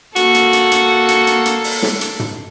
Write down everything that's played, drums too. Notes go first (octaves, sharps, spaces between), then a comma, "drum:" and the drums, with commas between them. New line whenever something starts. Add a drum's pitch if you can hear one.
A#3 F#4 A4, drum: hi-hat
drum: hi-hat
drum: hi-hat
drum: hi-hat
drum: hi-hat
drum: hi-hat
drum: hi-hat
drum: open hi-hat
drum: snare
drum: hi-hat
drum: tom